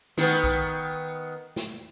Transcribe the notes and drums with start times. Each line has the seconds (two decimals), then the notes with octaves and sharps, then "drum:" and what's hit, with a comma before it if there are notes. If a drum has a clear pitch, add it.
0.17 D#3 B3, drum: snare
0.44 drum: kick B1
1.56 drum: snare